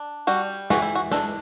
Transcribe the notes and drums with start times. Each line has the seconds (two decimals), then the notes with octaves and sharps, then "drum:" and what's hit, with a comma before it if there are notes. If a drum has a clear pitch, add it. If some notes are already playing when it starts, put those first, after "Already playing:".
Already playing: D4
0.27 G3 F#4
0.70 E3 F#4, drum: snare
0.82 E4
0.95 F#4
1.12 D4 A4, drum: snare